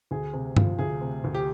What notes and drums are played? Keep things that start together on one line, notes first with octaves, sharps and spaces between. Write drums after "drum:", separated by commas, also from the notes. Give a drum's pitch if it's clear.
D2 G#4
C3
F3, drum: tom G2
D2 G#4
C3
D2
G4